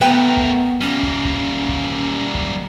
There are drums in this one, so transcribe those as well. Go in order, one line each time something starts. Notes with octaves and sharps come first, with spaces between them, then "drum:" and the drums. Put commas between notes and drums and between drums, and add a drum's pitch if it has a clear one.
A3 B3 A#4 B4 G5
drum: kick
G3 A#3 C#4
drum: kick
drum: kick
drum: kick
drum: kick